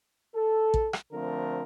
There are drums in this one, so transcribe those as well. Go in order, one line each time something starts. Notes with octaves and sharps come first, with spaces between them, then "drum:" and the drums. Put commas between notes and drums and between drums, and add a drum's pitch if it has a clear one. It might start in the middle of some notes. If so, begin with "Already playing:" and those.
A4
drum: kick
drum: rim click
D3 F3 A3 C4 A#4